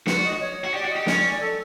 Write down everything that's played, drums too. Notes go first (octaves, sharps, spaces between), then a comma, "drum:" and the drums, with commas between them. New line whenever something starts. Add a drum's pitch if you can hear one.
F#4 B4, drum: snare
D5
D#5
C#5
C#5
F#4
G4 D5
F#4
D#5
G4
C#4 D5, drum: snare
D5
A4